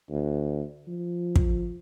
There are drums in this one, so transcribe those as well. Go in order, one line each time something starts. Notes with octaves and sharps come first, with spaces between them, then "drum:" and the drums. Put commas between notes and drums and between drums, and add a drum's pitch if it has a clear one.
D2
F3
drum: kick